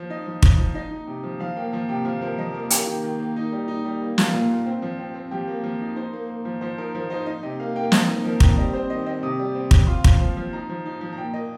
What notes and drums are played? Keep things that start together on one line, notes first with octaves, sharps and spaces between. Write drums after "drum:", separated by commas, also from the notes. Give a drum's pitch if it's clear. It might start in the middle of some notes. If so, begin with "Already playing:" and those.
Already playing: F3
D#4 D#5
F3
D#4, drum: kick
F3
D#4 D#5
D#4
C3
F3
F3 F5
A#3 G5
F3 A#5
C3 G5
F3 F5
F3 A#4
F3 D#5
A#3 A#4
A#3 G4, drum: hi-hat
D#3
D#3
A#3
D#4
G3
D#4
G3
A#3
F4, drum: snare
A#2
A#2
C4
F3
C4
C4
F3 G4
A#3
F3
D#4
D#4 C5
A#3
A#3
F3
F3 C5
D#4 A#4
F3 A#4
D#4 C5
D#4 D#5
C3 D#5
A#3 F5
A#3 G5
C4 D#5, drum: snare
D#4
F3 A#4
C4, drum: kick
G3 D#5
C4 C5
D#3 D#5
C4 D#5
C3 D#6
G3
C4
C4, drum: kick
F4 C6
F3, drum: kick
F3
F3
D#4 A#5
F3
D#4
F3
A#5
A#2 G5
A#3 D#5